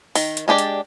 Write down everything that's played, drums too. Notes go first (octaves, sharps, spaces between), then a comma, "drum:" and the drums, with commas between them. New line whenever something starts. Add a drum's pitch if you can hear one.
D#3, drum: open hi-hat
drum: hi-hat
G#3 D4 G4 D5
drum: hi-hat